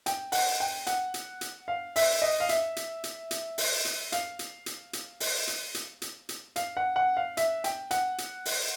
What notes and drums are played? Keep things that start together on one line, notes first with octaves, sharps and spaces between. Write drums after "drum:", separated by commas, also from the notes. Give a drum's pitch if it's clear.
G5, drum: hi-hat
F#5, drum: open hi-hat
G5
F#5, drum: hi-hat
drum: hi-hat
drum: hi-hat
F5
E5, drum: open hi-hat
D#5
F5
E5, drum: hi-hat
drum: hi-hat
drum: hi-hat
drum: hi-hat
drum: open hi-hat
drum: hi-hat
F5, drum: hi-hat
drum: hi-hat
drum: hi-hat
drum: hi-hat
drum: open hi-hat
drum: hi-hat
drum: hi-hat
drum: hi-hat
drum: hi-hat
F5, drum: hi-hat
F#5
F#5
F5
E5, drum: hi-hat
G5, drum: hi-hat
F#5, drum: hi-hat
drum: hi-hat
drum: open hi-hat